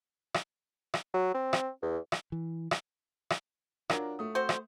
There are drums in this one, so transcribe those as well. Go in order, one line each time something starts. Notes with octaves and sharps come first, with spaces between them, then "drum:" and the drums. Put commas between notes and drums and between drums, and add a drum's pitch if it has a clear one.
drum: rim click
drum: rim click
F#3
C4
drum: rim click
E2
drum: rim click
E3
drum: rim click
drum: rim click
F#3 D4 F4 A#4, drum: rim click
A3 D#6
C4 F#4 C5
drum: rim click